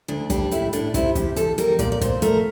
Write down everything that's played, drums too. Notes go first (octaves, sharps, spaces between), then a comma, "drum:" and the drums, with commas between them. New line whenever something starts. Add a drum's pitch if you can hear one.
D2 D4
G3 D4, drum: kick, hi-hat
A2 E4, drum: hi-hat
A2 D4, drum: hi-hat
C3 E4, drum: kick, hi-hat
E2 G4, drum: kick, hi-hat
E2 A4, drum: hi-hat
G3 A#4, drum: hi-hat
A#2 D5, drum: kick, hi-hat
D5
A#2 C5, drum: kick, hi-hat
A3 A#4, drum: hi-hat